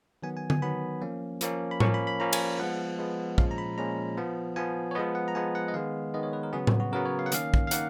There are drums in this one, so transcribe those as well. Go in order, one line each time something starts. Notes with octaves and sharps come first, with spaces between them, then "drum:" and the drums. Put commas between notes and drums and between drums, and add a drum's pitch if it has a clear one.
D#3 F#3 B3 G#5
G#5
G#5, drum: tom D3
D#3 F#3 B3 B5
F3 A#3 C#4
F3 A#3 C#4, drum: hi-hat
B5
F3 A#3 C#4 C#6, drum: tom A2
B5
B5
F3 A#3 C#4 A#5
G#5, drum: cymbal
F3 G#3 B3 F#5
F3 G#3 B3
A#2 F3 G#3 C#4 F5, drum: kick
A#5
B5
A#2 F3 G#3 C#4 A#5
F3 B3
F3 B3 G#5
C#5
F3 G#3 B3 D#5
F#5
A#5
F3 G#3 B3 G#5
F#5
D#5
D#3 G#3 B3 F5
D#3 G#3 B3 D#5
C#5
B4
A#4
C#3 F#3 B3 G#4
drum: tom A2
F#4
C#3 F#3 B3 A#4
C#5
F5
F#5
D#3 A#3 C#4 F5, drum: hi-hat
drum: kick
F5
D#3 A#3 F#5, drum: hi-hat